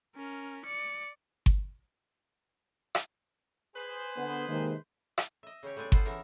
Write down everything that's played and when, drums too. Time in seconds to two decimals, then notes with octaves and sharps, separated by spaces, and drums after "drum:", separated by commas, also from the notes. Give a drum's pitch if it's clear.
0.16 C#4 A#4
0.65 D5 C#7
1.46 drum: kick G1
2.95 drum: rim click
3.76 G#4 B4 C5
4.17 D3 B3
4.49 C3 D#3 G#3 A#3
5.18 drum: rim click
5.43 D#5 E5
5.63 C#3 C#4 G4 C#5
5.76 A2 G3 C4 D4 G#5
5.92 B3 F4 A4 B4 C5, drum: kick G1
6.05 C#3 E3 B3 A#4 E5